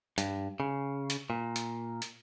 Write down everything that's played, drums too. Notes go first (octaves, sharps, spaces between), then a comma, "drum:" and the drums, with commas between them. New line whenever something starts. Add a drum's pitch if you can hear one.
G2, drum: hi-hat
C#3
drum: hi-hat
A#2
drum: hi-hat
drum: hi-hat